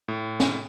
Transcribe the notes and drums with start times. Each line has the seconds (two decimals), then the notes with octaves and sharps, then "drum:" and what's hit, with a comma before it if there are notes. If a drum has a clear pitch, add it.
0.08 A2
0.40 drum: snare